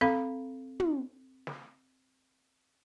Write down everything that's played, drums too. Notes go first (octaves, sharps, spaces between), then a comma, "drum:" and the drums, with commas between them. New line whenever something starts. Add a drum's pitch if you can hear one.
C4 A4 F5 B5, drum: snare
drum: tom
drum: snare